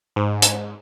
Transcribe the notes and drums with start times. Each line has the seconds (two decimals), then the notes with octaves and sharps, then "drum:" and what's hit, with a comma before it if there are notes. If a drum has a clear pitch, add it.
0.16 G#2
0.42 drum: hi-hat